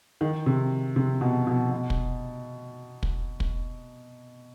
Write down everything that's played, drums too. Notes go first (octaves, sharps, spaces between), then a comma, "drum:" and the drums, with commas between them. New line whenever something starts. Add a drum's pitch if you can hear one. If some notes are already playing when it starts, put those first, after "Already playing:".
D#3
C3
C3
B2
B2
B2
drum: kick
drum: kick
drum: kick